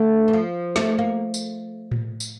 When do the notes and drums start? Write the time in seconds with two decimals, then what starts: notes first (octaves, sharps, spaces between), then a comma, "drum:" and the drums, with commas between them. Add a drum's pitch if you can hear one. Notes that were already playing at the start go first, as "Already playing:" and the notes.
Already playing: D3 A3
0.28 E3
0.33 F3
0.76 A3, drum: snare
0.99 A#3
1.34 drum: tambourine
1.91 drum: tom A2
2.20 drum: tambourine